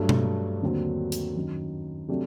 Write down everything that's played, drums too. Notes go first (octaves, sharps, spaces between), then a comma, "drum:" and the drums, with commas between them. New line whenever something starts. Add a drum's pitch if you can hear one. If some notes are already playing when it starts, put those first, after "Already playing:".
Already playing: G2 F#3 A3
drum: tom B2
D#2 D3 F#3 C4 F#4
drum: hi-hat
F#2 D#3 F#3
C3 F#3 A3 D4 G4